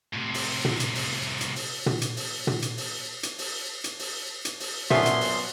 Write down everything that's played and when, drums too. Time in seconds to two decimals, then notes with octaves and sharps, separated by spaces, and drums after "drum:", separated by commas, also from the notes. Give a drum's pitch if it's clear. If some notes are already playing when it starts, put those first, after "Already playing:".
0.13 A2 C3
0.34 drum: open hi-hat
0.65 drum: tom
0.80 drum: hi-hat
0.95 drum: open hi-hat
1.41 drum: hi-hat
1.56 drum: open hi-hat
1.86 drum: tom
2.01 drum: hi-hat
2.17 drum: open hi-hat
2.47 drum: tom
2.62 drum: hi-hat
2.78 drum: open hi-hat
3.23 drum: hi-hat
3.38 drum: open hi-hat
3.84 drum: hi-hat
3.99 drum: open hi-hat
4.45 drum: hi-hat
4.60 drum: open hi-hat
4.90 C2 F#2 F3 F#3 B3 C#4 E5 C6, drum: tom
5.06 drum: hi-hat
5.21 drum: open hi-hat